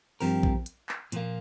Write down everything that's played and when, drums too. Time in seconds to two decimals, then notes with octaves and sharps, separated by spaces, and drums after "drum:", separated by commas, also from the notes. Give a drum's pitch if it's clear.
0.21 G2 F3 C4 G4 A#4, drum: open hi-hat
0.43 drum: kick A#1
0.66 drum: hi-hat
0.89 drum: clap
1.12 A#2 F3 A#3, drum: hi-hat